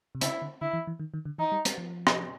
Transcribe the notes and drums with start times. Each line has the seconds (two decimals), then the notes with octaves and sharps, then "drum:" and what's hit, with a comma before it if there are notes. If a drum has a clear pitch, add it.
0.15 C3
0.21 C#3 E4, drum: hi-hat
0.42 D3
0.61 D3 E4
0.73 E3
0.87 E3
1.00 D#3
1.14 D#3
1.25 D3
1.38 E3 D#4
1.52 G3
1.65 G3, drum: hi-hat
1.78 F3
2.07 drum: rim click